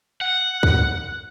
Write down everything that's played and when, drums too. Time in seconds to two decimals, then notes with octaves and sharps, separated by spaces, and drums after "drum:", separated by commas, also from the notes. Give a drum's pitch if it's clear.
0.21 F#5
0.63 drum: kick